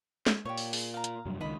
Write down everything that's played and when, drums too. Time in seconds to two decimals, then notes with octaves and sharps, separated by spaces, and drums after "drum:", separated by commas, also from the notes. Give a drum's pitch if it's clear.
0.27 drum: snare
0.45 A#2 G4 C#5
0.58 drum: open hi-hat
0.73 G#4, drum: open hi-hat
0.94 F5 A#5
1.04 drum: hi-hat
1.26 F1 G2 F#3
1.41 C#2 D#3 D#5 B5